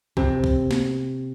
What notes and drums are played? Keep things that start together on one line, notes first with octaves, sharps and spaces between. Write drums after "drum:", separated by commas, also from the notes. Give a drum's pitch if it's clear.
C3, drum: kick C2
drum: kick C2
drum: snare